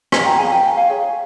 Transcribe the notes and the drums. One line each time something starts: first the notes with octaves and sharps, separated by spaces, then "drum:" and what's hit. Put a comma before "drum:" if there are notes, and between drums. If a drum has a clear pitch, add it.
F4 F5 G#5, drum: rim click
G5 A#5
G#4 F5 G#5
G5 A#5
F4 G5 A#5
F5 G#5
G#4 C#5